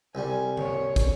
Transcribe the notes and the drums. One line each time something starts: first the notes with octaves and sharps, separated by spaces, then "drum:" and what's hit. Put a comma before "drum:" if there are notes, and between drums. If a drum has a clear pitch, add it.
C2 G3 G#5
C#5, drum: tom D3
drum: kick, hi-hat